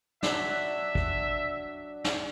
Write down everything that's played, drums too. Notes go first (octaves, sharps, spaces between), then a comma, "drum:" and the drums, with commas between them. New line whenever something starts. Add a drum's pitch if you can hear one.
F#3 D4 E5, drum: snare
drum: kick
drum: snare